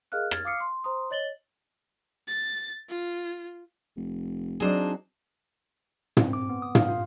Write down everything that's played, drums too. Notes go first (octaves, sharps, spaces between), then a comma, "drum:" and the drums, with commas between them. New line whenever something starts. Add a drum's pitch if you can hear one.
G#4 A#4 D#5 F5 F6 F#6
F6 G#6 A6, drum: rim click
F5 D6 D#6 F6 C7 C#7
C6
C5 A#5 C6 D#6
C#5 D#5 A6 F#7 G7
A6
F4
F1
F#3 C4 D4 D#4 G#4 C5
C4, drum: tom
D6
B3
D#6
F5, drum: tom
F4